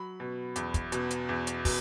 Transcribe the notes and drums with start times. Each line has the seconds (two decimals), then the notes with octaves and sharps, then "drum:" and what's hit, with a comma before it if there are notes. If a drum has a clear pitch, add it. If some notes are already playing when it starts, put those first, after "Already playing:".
Already playing: F#3 B5
0.20 B2
0.56 E2, drum: hi-hat
0.74 drum: kick, hi-hat
0.92 B2, drum: hi-hat
1.10 drum: hi-hat
1.29 E2
1.47 drum: hi-hat
1.65 B2, drum: kick, open hi-hat